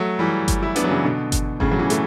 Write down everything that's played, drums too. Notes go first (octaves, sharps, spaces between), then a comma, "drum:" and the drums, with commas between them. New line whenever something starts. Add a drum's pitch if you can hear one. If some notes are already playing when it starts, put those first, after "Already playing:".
Already playing: F#3 A3
E3 G3
drum: kick G1, hi-hat
E4
B3 D4, drum: hi-hat
F#3
C#3 E3
B2 D3
drum: kick G1, hi-hat
A2 C#3, drum: kick G1
F#3
C#3 E3
A3, drum: hi-hat